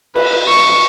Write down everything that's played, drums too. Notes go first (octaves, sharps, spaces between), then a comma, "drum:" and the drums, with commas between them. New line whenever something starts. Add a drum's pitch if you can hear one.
B4, drum: cymbal
C#6